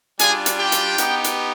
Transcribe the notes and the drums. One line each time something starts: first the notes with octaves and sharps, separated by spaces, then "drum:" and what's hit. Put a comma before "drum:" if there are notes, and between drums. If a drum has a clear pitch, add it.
G3 D4 F4 G#4 G#5, drum: hi-hat
drum: hi-hat
G4 G5
drum: hi-hat
B3 D#4 G4, drum: hi-hat
drum: hi-hat